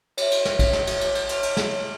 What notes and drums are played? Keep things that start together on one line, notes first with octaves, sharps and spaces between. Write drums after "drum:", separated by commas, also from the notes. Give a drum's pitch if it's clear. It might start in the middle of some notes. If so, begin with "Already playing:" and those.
C#5 E5, drum: cymbal
drum: cymbal
drum: snare
drum: kick, cymbal
drum: snare
drum: cymbal
drum: cymbal
drum: cymbal
drum: cymbal
drum: cymbal
drum: snare